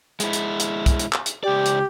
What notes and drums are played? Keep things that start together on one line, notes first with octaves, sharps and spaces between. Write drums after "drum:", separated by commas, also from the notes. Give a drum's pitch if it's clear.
G#3 E4, drum: hi-hat
drum: hi-hat
drum: hi-hat
drum: kick, hi-hat
drum: hi-hat
drum: clap
drum: hi-hat
C#2 G4 D5
drum: hi-hat